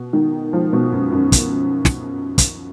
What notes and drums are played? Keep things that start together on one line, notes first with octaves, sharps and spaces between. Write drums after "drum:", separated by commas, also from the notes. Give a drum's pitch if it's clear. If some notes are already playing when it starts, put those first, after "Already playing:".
Already playing: B2
D#3
F3
B2
F#2
F#2
drum: kick, hi-hat
drum: snare
drum: kick, hi-hat